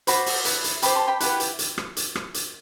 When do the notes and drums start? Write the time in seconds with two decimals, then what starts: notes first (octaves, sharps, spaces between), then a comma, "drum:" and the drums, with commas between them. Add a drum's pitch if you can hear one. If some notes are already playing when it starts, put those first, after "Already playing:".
0.07 F#4 C5 B5 D6, drum: hi-hat
0.26 drum: open hi-hat
0.45 E4 B4 D5, drum: hi-hat
0.64 drum: hi-hat
0.82 G4 C5 B5 D6, drum: hi-hat
0.95 A5 C6
1.08 G5 B5
1.20 E4 G4 B4 F#5, drum: hi-hat
1.40 drum: hi-hat
1.59 drum: hi-hat
1.78 drum: rim click
1.97 drum: hi-hat
2.15 drum: rim click
2.34 drum: hi-hat